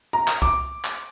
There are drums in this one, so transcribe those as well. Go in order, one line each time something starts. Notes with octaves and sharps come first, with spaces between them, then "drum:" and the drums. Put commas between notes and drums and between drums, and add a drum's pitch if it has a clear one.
A#5
drum: clap
D6, drum: kick C2
drum: clap